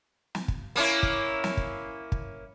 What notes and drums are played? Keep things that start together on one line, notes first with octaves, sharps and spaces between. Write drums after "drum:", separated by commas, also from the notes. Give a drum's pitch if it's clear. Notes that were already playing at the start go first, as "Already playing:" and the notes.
drum: snare
drum: kick
A#3 C#4 E4
drum: kick
drum: snare
drum: kick
drum: kick